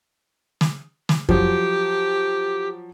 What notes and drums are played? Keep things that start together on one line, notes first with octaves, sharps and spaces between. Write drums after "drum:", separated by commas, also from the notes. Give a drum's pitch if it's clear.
drum: snare
drum: snare
F3 F#3 G4, drum: kick F2